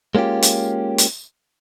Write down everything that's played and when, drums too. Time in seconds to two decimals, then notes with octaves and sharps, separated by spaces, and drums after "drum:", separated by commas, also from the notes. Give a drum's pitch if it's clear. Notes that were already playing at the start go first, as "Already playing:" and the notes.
0.15 G#3 A#3 C#4 F4 G4
0.42 drum: hi-hat
0.98 drum: hi-hat